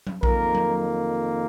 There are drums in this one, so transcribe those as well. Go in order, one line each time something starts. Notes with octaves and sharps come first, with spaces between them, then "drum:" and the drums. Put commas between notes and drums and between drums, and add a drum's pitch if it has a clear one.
drum: tom F#3
F2 D#3 A#3 A#4, drum: kick A#1
drum: tom F#3